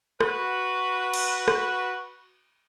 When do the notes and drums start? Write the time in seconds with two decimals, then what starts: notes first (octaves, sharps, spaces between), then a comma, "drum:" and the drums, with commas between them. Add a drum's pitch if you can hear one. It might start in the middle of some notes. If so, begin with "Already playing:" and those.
0.21 F#4 B4, drum: rim click
1.14 drum: cymbal
1.48 drum: rim click